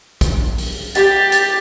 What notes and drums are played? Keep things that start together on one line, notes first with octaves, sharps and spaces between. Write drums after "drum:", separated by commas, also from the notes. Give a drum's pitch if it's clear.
drum: kick, hi-hat
drum: open hi-hat
G4 A6, drum: hi-hat
drum: hi-hat